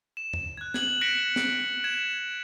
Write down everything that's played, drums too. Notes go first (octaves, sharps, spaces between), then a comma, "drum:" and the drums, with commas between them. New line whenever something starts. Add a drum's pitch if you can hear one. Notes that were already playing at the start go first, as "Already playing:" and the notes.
E7
drum: tom
F#6 G#6
G#6 F#7, drum: snare
F#6 A#6 B6 C#7 D7 E7
drum: snare
G#6 E7